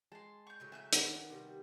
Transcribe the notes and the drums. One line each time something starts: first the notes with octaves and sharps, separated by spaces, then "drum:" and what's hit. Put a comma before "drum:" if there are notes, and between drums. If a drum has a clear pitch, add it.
G#3 A5 C6
D5 C#6 G6
A2 C#3 F#3
E5 G#5 F#6 G6
D3 D#3 B3 D#4 F#4 A#4 A5 A#5, drum: hi-hat
C3 F#3 G3